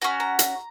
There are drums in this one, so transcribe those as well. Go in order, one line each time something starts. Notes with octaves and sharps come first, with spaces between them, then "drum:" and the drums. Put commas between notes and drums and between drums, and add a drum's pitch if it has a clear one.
C#4 F#4 A#5
A#5
A#5, drum: hi-hat